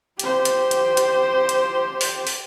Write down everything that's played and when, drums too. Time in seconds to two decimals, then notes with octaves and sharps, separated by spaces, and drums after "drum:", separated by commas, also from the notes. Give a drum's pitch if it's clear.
0.19 G4 C5, drum: hi-hat
0.45 drum: hi-hat
0.71 drum: hi-hat
0.97 drum: hi-hat
1.49 drum: hi-hat
2.01 drum: open hi-hat
2.27 drum: open hi-hat